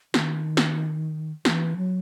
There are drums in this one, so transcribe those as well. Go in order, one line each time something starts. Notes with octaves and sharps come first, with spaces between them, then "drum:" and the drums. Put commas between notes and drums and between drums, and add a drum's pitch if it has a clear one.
D#3, drum: snare
drum: snare
E3, drum: snare
F#3